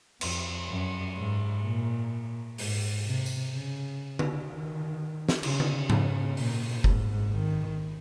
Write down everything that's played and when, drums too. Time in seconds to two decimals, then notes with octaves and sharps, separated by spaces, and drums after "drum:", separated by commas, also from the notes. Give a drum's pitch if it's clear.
0.21 F2, drum: cymbal
0.69 F#2
1.16 G#2
1.63 A#2
2.58 G#2, drum: open hi-hat
3.05 C3
3.26 drum: tambourine
3.53 C#3
4.19 drum: tom D3
4.47 D#3
5.29 drum: snare
5.43 C#3, drum: cymbal
5.60 drum: tom D3
5.90 C#3, drum: tom G#2
6.37 A#2, drum: open hi-hat
6.84 G#2, drum: kick F1
7.32 D#3